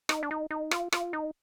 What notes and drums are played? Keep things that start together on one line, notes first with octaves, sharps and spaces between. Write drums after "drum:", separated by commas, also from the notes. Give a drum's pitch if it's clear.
D#4, drum: rim click
D4
D#4
D#4
F4, drum: rim click
F4, drum: rim click
D#4